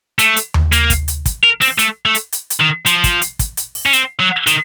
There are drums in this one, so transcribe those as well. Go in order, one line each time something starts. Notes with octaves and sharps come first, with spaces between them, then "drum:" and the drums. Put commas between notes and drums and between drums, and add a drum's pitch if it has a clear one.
A3, drum: hi-hat
drum: hi-hat
drum: tom D#2
A#3, drum: hi-hat
drum: kick, hi-hat
drum: hi-hat
drum: kick, hi-hat
A#4
C4, drum: open hi-hat
A3, drum: hi-hat
A3
drum: hi-hat
drum: hi-hat
drum: hi-hat
D#3
F3, drum: hi-hat
drum: kick, hi-hat
drum: hi-hat
drum: kick, hi-hat
drum: hi-hat
drum: open hi-hat
C#4
C4, drum: hi-hat
F#3
D#3, drum: hi-hat